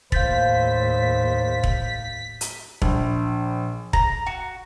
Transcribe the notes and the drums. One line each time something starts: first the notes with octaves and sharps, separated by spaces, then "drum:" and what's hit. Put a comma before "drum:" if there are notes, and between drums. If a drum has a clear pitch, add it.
D#2 A2 C5 F5 G6 A6 B6, drum: kick E1
drum: kick E1
drum: hi-hat
A#1, drum: kick E1
A#5, drum: kick E1
F#4